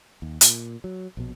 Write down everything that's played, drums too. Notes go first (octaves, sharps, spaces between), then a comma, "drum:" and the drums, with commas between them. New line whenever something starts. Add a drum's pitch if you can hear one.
D#2
A#2, drum: hi-hat
F#3
A#1 B2